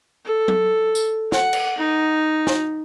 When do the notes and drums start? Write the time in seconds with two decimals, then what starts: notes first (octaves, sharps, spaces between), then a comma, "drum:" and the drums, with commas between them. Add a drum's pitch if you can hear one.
0.26 A4
0.48 drum: tom F#3
0.95 drum: tambourine
1.32 F#5, drum: snare
1.53 drum: cymbal
1.78 D#4
2.47 drum: snare